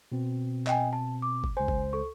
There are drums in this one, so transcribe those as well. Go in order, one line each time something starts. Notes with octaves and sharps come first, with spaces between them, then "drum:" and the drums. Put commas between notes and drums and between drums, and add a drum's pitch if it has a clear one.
B2 C4
D#5 G5 G#5, drum: clap
A5
D6
drum: kick G1
C#2 C5 G#5
drum: kick G1
A4 C#6